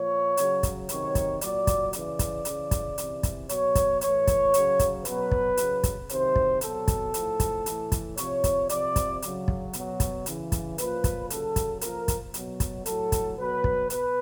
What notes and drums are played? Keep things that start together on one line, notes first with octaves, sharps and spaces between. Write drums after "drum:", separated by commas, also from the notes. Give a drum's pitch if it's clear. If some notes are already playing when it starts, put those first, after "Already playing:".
Already playing: A#2 F3 C#5
C#3 F#3, drum: hi-hat
drum: kick, hi-hat
C3 D#3 F#3 C#5, drum: hi-hat
drum: kick, hi-hat
A#2 F#3 D5, drum: hi-hat
drum: kick, hi-hat
C#3 E3 D5, drum: hi-hat
drum: kick, hi-hat
C#3 E3, drum: hi-hat
drum: kick, hi-hat
C3 E3, drum: hi-hat
drum: kick, hi-hat
B2 F#3 C#5, drum: hi-hat
drum: kick, hi-hat
A2 E3 C#5, drum: hi-hat
drum: kick, hi-hat
C#3 F#3, drum: hi-hat
drum: kick, hi-hat
B2 F#3 B4, drum: hi-hat
drum: kick
C#3 F#3, drum: hi-hat
drum: kick, hi-hat
C3 D#3 F#3 C5, drum: hi-hat
drum: kick
B2 F#3 A4, drum: hi-hat
drum: kick, hi-hat
A2 F3, drum: hi-hat
drum: kick, hi-hat
A2 E3, drum: hi-hat
drum: kick, hi-hat
C3 F3 C#5, drum: hi-hat
drum: kick, hi-hat
C3 F3 D5, drum: hi-hat
drum: kick, hi-hat
C#3 F#3, drum: hi-hat
drum: kick
B2 F#3, drum: hi-hat
drum: kick, hi-hat
C#3 E3, drum: hi-hat
drum: kick, hi-hat
A#2 F3 B4, drum: hi-hat
drum: kick, hi-hat
C#3 F#3 A4, drum: hi-hat
drum: kick, hi-hat
A#2 F3 A#4, drum: hi-hat
drum: kick, hi-hat
B2 F#3, drum: hi-hat
drum: kick, hi-hat
A2 F#3 A4, drum: hi-hat
drum: kick, hi-hat
B2 F#3 B4
drum: kick
B2 B4, drum: hi-hat